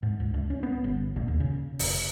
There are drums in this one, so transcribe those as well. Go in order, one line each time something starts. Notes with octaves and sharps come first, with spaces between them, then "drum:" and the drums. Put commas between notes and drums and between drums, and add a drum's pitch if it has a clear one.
G#2
C#2
C#2
C#4
B3
G1
A#1
D#2
C#3
F1, drum: open hi-hat